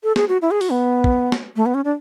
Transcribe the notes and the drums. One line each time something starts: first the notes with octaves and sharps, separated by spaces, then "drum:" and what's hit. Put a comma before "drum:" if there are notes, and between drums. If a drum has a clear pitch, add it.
A4
G#4, drum: snare
F#4
E4
G#4
F#4, drum: open hi-hat
B3
drum: kick
drum: snare
A3
B3
C#4
D4